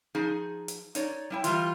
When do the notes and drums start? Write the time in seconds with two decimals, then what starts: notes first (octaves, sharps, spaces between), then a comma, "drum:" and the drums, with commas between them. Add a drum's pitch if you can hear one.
0.15 F3 D#4 G#4
0.68 drum: hi-hat
0.95 D#4 C#5 D5, drum: hi-hat
1.30 G3 E4 G5
1.44 E3 G3 F4, drum: hi-hat